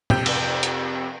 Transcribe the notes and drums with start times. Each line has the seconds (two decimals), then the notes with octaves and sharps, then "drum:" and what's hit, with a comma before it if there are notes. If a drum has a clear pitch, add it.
0.10 F2 C3 G5 G6, drum: tom
0.26 drum: cymbal
0.63 drum: hi-hat